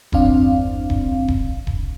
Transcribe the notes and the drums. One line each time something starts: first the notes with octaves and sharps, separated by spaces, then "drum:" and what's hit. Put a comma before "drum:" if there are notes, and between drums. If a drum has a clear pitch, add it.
G1 E2 G2 C4 D4 F5, drum: kick D#1
drum: kick D#1
drum: kick D#1
drum: kick D#1